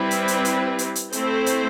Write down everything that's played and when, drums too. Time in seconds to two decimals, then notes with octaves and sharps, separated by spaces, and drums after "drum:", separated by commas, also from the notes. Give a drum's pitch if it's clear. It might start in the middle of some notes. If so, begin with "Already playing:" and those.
Already playing: G3 C4 E4 B4
0.11 drum: hi-hat
0.28 drum: hi-hat
0.45 drum: hi-hat
0.79 drum: hi-hat
0.95 drum: hi-hat
1.12 A3 C4 E4 A4 C5, drum: hi-hat
1.46 drum: hi-hat